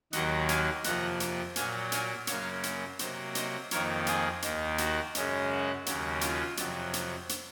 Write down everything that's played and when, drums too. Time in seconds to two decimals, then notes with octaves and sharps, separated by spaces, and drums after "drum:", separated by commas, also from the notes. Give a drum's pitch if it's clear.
0.13 D#2 D#3 F#3 A#3 D#5 F#5, drum: hi-hat
0.49 F5 G#5, drum: hi-hat
0.84 F2 C3 F3 A#3 F#5 A#5, drum: hi-hat
1.20 drum: hi-hat
1.56 A#2 F#3 A#3 F5 G#5, drum: hi-hat
1.92 F5 G#5, drum: hi-hat
2.27 F#2 C#3 F#3 A#3 C#5 F5, drum: hi-hat
2.63 drum: hi-hat
2.99 C3 F#3 A#3 C5 D#5, drum: hi-hat
3.35 C5 D#5, drum: hi-hat
3.71 F2 D#3 A#3 A#4 C#5, drum: hi-hat
4.07 F4 G#4, drum: hi-hat
4.42 D#2 D#3 A#3, drum: hi-hat
4.78 F#4, drum: hi-hat
5.15 F#2 C#3 G#3, drum: hi-hat
5.51 F#4
5.86 D#2 C#3 F#3 A#3, drum: hi-hat
6.21 F4, drum: hi-hat
6.57 F2 C3 F#3, drum: hi-hat
6.93 drum: hi-hat
7.29 drum: hi-hat